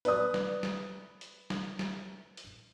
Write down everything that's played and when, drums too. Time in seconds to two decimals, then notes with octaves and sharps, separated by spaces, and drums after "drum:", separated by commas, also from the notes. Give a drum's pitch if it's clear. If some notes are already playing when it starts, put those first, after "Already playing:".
0.05 B4 D5 D#6, drum: hi-hat
0.34 drum: snare
0.63 drum: snare
1.21 drum: hi-hat
1.50 drum: snare
1.79 drum: snare
2.37 drum: hi-hat